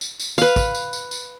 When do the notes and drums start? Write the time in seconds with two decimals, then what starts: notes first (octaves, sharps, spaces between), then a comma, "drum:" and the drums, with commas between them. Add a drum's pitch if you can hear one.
0.01 drum: tambourine
0.20 drum: tambourine
0.38 B4 F5, drum: tambourine
0.56 drum: kick, tambourine
0.75 drum: tambourine
0.93 drum: tambourine
1.11 drum: tambourine